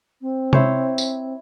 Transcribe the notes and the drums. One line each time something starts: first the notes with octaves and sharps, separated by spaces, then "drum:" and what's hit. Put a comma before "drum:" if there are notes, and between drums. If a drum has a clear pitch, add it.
C4
E4 C5 C#5, drum: tom C3
drum: tambourine